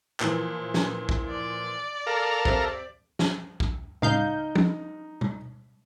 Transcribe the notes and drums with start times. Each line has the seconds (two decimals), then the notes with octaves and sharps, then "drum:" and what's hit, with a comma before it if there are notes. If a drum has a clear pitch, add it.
0.20 A#2 E3 F3, drum: clap
0.74 drum: snare
1.09 drum: kick A#1
1.30 D5
2.07 A4 A#4 F5
2.45 C4 G4 E5, drum: kick A#1
3.19 drum: snare
3.60 drum: kick A#1
4.02 C#2 D#4 F5 G6, drum: tom A2
4.55 drum: tom
5.21 drum: tom